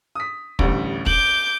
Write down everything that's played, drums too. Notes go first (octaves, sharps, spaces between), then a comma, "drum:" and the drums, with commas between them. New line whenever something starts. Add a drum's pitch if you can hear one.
D#6 B6
A1 D2 G3, drum: kick
D6 G6 F#7, drum: kick